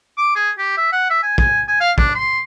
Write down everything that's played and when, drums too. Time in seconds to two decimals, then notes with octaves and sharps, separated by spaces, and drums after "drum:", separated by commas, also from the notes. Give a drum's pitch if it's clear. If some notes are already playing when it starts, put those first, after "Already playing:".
0.17 D6
0.35 G#4
0.58 G4
0.77 E5
0.92 F#5
1.10 E5
1.23 G#5
1.38 G#5, drum: kick
1.68 G#5
1.80 F5
1.98 D4, drum: kick
2.15 C6